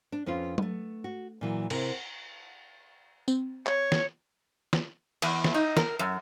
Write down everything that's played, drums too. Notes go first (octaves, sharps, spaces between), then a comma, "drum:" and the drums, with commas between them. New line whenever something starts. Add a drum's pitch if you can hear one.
D4
F2 B3 C#4 F4
A3 B3, drum: tom F#3
F#4
A#2 E3 F#3
C3 E4 A#4, drum: cymbal
C4, drum: tambourine
C#5, drum: clap
drum: snare
drum: snare
E2, drum: cymbal
drum: snare
D#4
A#4, drum: snare
F#2